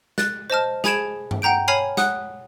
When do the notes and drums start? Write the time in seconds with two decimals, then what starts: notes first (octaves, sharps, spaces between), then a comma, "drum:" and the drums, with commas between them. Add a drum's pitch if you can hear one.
0.18 F#6 A6, drum: snare
0.50 C5 D#5 A5 F6
0.84 G#4 G#5 B5 G#6 D7 E7, drum: snare
1.31 drum: tom G2
1.42 F#5 G5 A#5 G6 D7
1.68 C#5 G#5 B5 F6 C7 F7
1.97 F#5 D#6 F#6, drum: snare